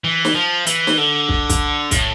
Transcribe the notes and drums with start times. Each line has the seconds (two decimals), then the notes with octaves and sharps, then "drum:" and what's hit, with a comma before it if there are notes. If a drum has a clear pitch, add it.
0.04 E3
0.25 drum: snare
0.35 F3
0.66 E3, drum: hi-hat
0.87 drum: snare
0.97 D3
1.29 drum: kick
1.49 drum: kick, hi-hat
1.91 A2, drum: kick, hi-hat